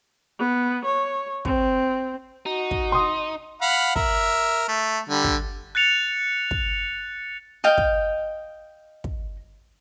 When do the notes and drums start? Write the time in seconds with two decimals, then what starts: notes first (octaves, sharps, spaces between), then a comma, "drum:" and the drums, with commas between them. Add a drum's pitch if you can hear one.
0.39 B3
0.85 C#5
1.45 C4, drum: kick
2.46 D#4 F#4
2.71 drum: kick
2.92 C6 D#6
3.62 F5 F#5 B5
3.96 A#4 E5, drum: kick
4.68 A3
5.09 D3 G3
5.24 drum: kick
5.75 F#6 A6 C#7 F7
6.51 drum: kick
7.64 D#5 F5 G5
7.78 drum: kick
9.04 drum: kick